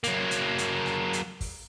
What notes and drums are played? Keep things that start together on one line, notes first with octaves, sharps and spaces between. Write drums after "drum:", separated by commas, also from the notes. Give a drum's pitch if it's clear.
F#3 A#3, drum: hi-hat
drum: hi-hat
drum: hi-hat
drum: rim click
drum: hi-hat
drum: kick, open hi-hat